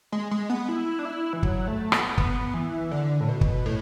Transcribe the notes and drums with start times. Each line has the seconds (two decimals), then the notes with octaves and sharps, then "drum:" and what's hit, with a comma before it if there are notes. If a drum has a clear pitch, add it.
0.12 G#3
0.31 G#3
0.50 B3
0.69 E4
0.99 D4
1.05 E4
1.33 E3
1.43 F#3, drum: kick
1.68 A3
1.92 B3, drum: rim click
2.18 B3, drum: kick
2.54 E3
2.91 D3
3.21 A2
3.29 B2
3.41 drum: kick
3.66 A2